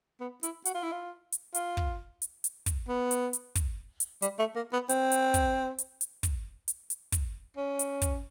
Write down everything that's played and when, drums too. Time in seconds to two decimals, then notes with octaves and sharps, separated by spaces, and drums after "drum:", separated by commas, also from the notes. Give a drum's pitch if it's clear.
0.21 B3
0.43 E4, drum: hi-hat
0.65 F#4, drum: hi-hat
0.75 F4
0.83 E4
0.92 F4
1.32 drum: hi-hat
1.54 F4, drum: hi-hat
1.77 drum: kick
2.22 drum: hi-hat
2.44 drum: hi-hat
2.66 drum: kick, hi-hat
2.89 B3
3.11 drum: hi-hat
3.33 drum: hi-hat
3.55 drum: kick, hi-hat
4.00 drum: hi-hat
4.22 G3, drum: hi-hat
4.39 A3
4.56 A#3
4.73 B3
4.89 C4, drum: hi-hat
5.12 drum: hi-hat
5.34 drum: kick, hi-hat
5.78 drum: hi-hat
6.01 drum: hi-hat
6.23 drum: kick, hi-hat
6.68 drum: hi-hat
6.90 drum: hi-hat
7.12 drum: kick, hi-hat
7.57 C#4
7.79 drum: hi-hat
8.02 drum: kick, hi-hat